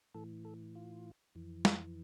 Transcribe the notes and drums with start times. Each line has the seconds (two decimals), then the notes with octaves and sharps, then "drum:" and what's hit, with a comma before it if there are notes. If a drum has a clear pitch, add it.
0.14 A2 E3 A4
0.45 A4
0.75 F4
1.35 F2 E3
1.65 drum: snare